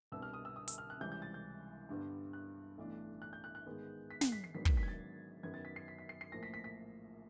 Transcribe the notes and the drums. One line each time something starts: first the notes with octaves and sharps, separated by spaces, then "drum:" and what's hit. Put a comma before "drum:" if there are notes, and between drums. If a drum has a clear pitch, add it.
C2 B2 G3 B3 D4 E6
F6
D#6
E6
D#6
E6, drum: hi-hat
F6
F#6
C#2 C3 E3 G3 G6
G6
A6
G6
G2 D3 G3 B3 D4
F#6
B1 A2 E3 A3 D4
F#6
G6
F#6
F#6
G#2 D#3 G#3 B3
B6
C7, drum: snare
B6
C7
G#2 D#3 F#3 B3 D4 B6
B6, drum: kick
B6
G#6
A6
F#2 D#3 F#3 B3 G#6
A6
B6
C7
B6
B6
C7
C7
A#1 A2 F3 A#3 A#6
B6
B6
B6